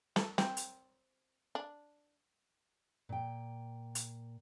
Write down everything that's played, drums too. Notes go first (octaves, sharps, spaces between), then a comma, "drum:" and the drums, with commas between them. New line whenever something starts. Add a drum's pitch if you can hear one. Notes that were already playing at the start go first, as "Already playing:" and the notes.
A4, drum: snare
C4, drum: snare
drum: hi-hat
D4
A#2 G5
drum: hi-hat